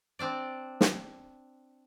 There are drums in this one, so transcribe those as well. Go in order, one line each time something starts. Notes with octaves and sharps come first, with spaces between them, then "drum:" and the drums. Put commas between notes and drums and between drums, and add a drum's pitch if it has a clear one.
C4 D4 D5
drum: snare